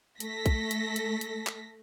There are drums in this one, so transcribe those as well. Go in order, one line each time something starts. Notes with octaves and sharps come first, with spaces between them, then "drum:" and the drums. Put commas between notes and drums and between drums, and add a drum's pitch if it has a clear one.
A3 A4 A#6 B6, drum: hi-hat
drum: kick, hi-hat
drum: hi-hat
drum: hi-hat
drum: hi-hat
drum: clap